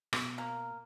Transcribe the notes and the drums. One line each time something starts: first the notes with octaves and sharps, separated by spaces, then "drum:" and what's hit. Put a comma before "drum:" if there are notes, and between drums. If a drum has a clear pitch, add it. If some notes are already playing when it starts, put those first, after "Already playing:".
B2, drum: rim click
A#3